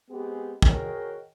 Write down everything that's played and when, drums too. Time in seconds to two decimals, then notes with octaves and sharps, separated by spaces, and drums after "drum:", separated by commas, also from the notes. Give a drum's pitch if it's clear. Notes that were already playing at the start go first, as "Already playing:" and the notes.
0.11 G#3 B3 C4 G4 G#4
0.62 F#4 G#4 A#4 C#5 D#5 G5, drum: kick